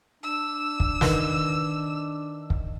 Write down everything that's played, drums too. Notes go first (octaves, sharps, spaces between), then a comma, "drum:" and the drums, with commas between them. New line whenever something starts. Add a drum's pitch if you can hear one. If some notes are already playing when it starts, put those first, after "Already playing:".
D4 E6
drum: kick
D#3 A#4 B4, drum: snare
drum: kick